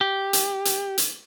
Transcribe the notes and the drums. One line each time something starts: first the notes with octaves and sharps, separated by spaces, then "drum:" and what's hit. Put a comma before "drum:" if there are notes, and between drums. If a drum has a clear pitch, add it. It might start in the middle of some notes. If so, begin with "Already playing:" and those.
G4
drum: hi-hat
drum: hi-hat
drum: hi-hat